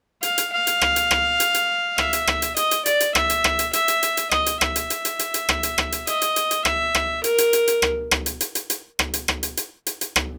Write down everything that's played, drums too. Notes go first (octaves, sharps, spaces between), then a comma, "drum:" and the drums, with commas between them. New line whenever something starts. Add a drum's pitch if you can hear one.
F5, drum: hi-hat
drum: hi-hat
F5
drum: hi-hat
drum: rim click
drum: hi-hat
drum: rim click
drum: hi-hat
drum: hi-hat
E5, drum: rim click
drum: hi-hat
drum: rim click
drum: hi-hat
D#5, drum: hi-hat
drum: hi-hat
D5, drum: hi-hat
drum: hi-hat
E5, drum: rim click
drum: hi-hat
drum: rim click
drum: hi-hat
E5, drum: hi-hat
drum: hi-hat
drum: hi-hat
drum: hi-hat
D#5, drum: rim click
drum: hi-hat
E5, drum: rim click
drum: hi-hat
drum: hi-hat
drum: hi-hat
drum: hi-hat
drum: hi-hat
drum: rim click
drum: hi-hat
drum: rim click
drum: hi-hat
D#5, drum: hi-hat
drum: hi-hat
drum: hi-hat
drum: hi-hat
E5, drum: rim click
drum: rim click
A#4, drum: hi-hat
drum: hi-hat
drum: hi-hat
drum: hi-hat
drum: rim click
drum: rim click
drum: hi-hat
drum: hi-hat
drum: hi-hat
drum: hi-hat
drum: rim click
drum: hi-hat
drum: rim click
drum: hi-hat
drum: hi-hat
drum: hi-hat
drum: hi-hat
drum: rim click